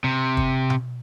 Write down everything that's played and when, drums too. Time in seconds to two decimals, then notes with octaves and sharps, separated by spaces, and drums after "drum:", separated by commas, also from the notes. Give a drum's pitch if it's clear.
0.04 C3
0.37 drum: kick
0.70 drum: tom B2